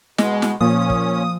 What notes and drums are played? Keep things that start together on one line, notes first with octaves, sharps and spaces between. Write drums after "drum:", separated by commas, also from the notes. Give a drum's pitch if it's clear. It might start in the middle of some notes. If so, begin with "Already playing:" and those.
B2 G#3, drum: snare
drum: snare
A#2 F3 C#4 D#6
drum: kick